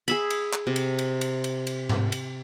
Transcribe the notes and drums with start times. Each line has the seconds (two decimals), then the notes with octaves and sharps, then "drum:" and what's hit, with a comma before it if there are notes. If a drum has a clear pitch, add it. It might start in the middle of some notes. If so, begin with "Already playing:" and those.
0.08 G#4 E5 B5, drum: cymbal
0.30 drum: cymbal
0.53 drum: clap
0.67 C3
0.76 drum: cymbal
0.99 drum: cymbal
1.21 drum: cymbal
1.44 drum: cymbal
1.67 drum: cymbal
1.89 drum: tom G#2
2.12 drum: cymbal